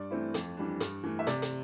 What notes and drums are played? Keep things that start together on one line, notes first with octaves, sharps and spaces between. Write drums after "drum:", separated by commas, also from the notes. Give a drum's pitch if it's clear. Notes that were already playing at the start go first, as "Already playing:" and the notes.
Already playing: G2 D5
E3 A3 C4 E4
F2, drum: hi-hat
E3 G3 D4
G2, drum: hi-hat
E3 A3
E5
C3 D5, drum: hi-hat
drum: hi-hat